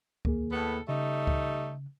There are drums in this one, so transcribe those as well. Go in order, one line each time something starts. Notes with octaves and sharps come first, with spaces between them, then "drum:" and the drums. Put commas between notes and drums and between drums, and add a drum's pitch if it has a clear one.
D#2 A#3 G#4, drum: kick C#2
A2 B3 A4
C#3 G3 A3 D#4
drum: kick C#2